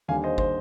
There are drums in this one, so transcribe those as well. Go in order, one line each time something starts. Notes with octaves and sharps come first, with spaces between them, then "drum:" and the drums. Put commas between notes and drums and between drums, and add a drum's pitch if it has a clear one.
D#2 D3 G3 F5 G#5
C5 D#5
C5, drum: kick